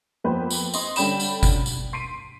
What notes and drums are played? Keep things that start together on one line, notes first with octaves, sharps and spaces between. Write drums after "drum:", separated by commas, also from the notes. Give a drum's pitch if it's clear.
F2 A#3 B3 B4 C5 G5
drum: tambourine
C4 D#5 C6, drum: tambourine
D3 G3 C#4 G5 B5 E7, drum: tambourine
drum: tambourine
drum: kick G1, tambourine
drum: tambourine
C6 B6 C7 D7 D#7